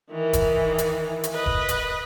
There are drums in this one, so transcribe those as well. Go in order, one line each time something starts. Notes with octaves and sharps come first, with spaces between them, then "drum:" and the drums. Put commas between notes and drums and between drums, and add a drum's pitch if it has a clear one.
D#3 E3
drum: kick E1, hi-hat
drum: hi-hat
drum: hi-hat
B4 D#5
drum: kick E1
drum: hi-hat